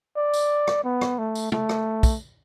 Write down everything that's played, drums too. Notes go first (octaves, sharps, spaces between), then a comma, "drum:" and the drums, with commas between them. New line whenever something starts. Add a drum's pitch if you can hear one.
D5
drum: tambourine
drum: rim click
B3
drum: rim click
A3
drum: tambourine
A3, drum: tom
drum: rim click
drum: kick, tambourine